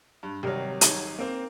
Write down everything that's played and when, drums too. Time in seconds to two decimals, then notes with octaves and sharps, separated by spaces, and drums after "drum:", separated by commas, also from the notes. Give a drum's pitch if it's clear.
0.23 G2
0.43 G#1 C3 F#3 G3 A#4
0.81 D#4 G#4 C#5, drum: hi-hat
1.19 A#3 C4